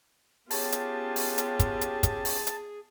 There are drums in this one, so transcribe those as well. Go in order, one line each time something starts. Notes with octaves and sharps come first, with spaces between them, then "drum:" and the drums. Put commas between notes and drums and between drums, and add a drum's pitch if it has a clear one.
B3 C#4 F4 G4 G#4 A5, drum: open hi-hat
drum: hi-hat
drum: open hi-hat
drum: hi-hat
drum: kick, hi-hat
drum: hi-hat
drum: kick, hi-hat
drum: open hi-hat
drum: hi-hat